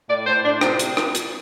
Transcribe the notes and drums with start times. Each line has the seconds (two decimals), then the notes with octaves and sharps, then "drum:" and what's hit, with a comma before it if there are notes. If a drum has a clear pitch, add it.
0.09 A2 D5
0.27 A2 C5
0.44 A2 D4
0.61 C3 C4, drum: rim click
0.79 drum: hi-hat
0.97 drum: rim click
1.15 drum: hi-hat